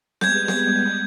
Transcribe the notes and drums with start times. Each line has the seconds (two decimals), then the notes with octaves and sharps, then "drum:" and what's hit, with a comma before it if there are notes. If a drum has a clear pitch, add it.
0.21 G3 G#3 B3 G6 G#6, drum: snare C4
0.48 drum: snare C4